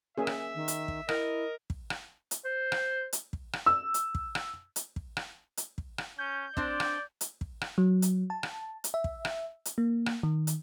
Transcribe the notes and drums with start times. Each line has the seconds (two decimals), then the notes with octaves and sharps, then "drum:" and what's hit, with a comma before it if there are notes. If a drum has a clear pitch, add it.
0.18 A#3 C#4 G#4 E5
0.27 drum: rim click
0.55 D#3
0.68 drum: hi-hat
0.88 drum: kick
1.09 E4 A#4 D#5, drum: rim click
1.70 drum: kick
1.90 drum: rim click
2.31 drum: hi-hat
2.45 C5
2.72 drum: rim click
3.13 drum: hi-hat
3.33 drum: kick
3.53 drum: rim click
3.66 E6
3.94 drum: hi-hat
4.15 drum: kick
4.35 drum: rim click
4.76 drum: hi-hat
4.96 drum: kick
5.17 drum: rim click
5.57 drum: hi-hat
5.78 drum: kick
5.98 drum: rim click
6.19 C#4 G6
6.57 C4 D4 C5 D5, drum: kick
6.80 drum: rim click
7.21 drum: hi-hat
7.41 drum: kick
7.61 drum: rim click
7.78 F#3
8.02 drum: hi-hat
8.30 A5
8.43 drum: rim click
8.84 drum: hi-hat
8.94 E5
9.04 drum: kick
9.25 drum: rim click
9.65 drum: hi-hat
9.78 A#3
10.06 drum: rim click
10.23 D#3
10.47 drum: hi-hat